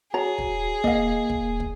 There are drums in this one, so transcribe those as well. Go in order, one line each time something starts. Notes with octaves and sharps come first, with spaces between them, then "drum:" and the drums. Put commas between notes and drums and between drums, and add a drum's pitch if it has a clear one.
F#4 G#4 C#5 A#5
drum: kick
A#3 D#5 F5, drum: kick
drum: kick
drum: kick